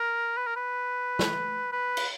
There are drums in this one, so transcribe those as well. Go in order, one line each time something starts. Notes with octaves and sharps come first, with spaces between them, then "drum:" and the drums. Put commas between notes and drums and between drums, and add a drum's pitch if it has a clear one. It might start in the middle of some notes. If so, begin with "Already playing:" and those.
Already playing: A#4
B4
A#4
B4
drum: snare
B4
drum: cymbal